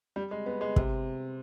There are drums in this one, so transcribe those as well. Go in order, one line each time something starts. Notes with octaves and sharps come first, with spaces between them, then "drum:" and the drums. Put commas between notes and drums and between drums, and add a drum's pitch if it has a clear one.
G3
G#3
B3
G#3
C3, drum: kick